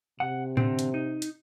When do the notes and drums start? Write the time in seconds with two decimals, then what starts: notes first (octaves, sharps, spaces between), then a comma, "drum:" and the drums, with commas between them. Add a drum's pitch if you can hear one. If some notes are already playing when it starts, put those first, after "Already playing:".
0.20 C3 F#5
0.57 D3 C4, drum: tom A2
0.79 drum: hi-hat
0.94 D#4
1.22 drum: hi-hat